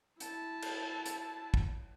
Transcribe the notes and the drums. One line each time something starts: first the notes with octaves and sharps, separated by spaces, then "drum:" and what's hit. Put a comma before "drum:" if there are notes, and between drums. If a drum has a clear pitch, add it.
E4 A5, drum: hi-hat
drum: cymbal
drum: hi-hat
drum: kick